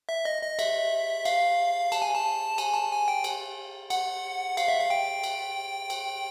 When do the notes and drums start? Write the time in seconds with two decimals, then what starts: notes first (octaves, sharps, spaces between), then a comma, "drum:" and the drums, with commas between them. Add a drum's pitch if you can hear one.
0.09 E5
0.25 D#5
0.42 D#5
0.59 E5, drum: cymbal
1.25 F5, drum: cymbal
1.92 A5, drum: cymbal
2.02 G#5
2.14 A5
2.58 G#5, drum: cymbal
2.74 A5
2.91 G#5
3.08 G5
3.24 drum: cymbal
3.90 F#5, drum: cymbal
4.57 F5, drum: cymbal
4.68 E5
4.79 F5
4.90 G5
5.23 drum: cymbal
5.90 drum: cymbal